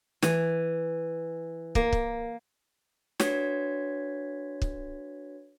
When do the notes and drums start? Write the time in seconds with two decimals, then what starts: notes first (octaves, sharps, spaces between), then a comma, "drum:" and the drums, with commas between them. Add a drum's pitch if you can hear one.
0.22 E3, drum: snare
1.75 A#3, drum: kick
1.93 drum: kick
3.20 D4 F#4 B4 C#5 G#6 B6, drum: snare
4.62 drum: kick